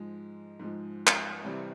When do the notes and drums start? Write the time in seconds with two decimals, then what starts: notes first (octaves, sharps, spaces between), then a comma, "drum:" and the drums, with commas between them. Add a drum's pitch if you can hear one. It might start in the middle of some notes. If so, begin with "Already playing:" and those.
Already playing: G#2 F3 G#3
0.60 G#2 F3 G#3
1.07 drum: clap
1.44 C3 E3 G3 C4